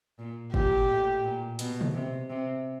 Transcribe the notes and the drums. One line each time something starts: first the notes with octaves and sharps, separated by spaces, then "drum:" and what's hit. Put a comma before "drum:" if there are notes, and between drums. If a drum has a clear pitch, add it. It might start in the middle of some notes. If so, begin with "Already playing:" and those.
A#2
A#2 G4, drum: kick
A2
A#2
B2, drum: hi-hat
drum: tom B2
C3
C3